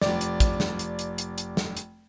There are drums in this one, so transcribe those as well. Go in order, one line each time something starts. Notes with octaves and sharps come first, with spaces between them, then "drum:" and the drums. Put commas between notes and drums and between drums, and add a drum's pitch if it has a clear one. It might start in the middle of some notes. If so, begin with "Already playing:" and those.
F1 D5, drum: snare
drum: hi-hat
drum: kick, hi-hat
drum: snare
drum: hi-hat
drum: hi-hat
drum: hi-hat
drum: hi-hat
drum: snare
drum: hi-hat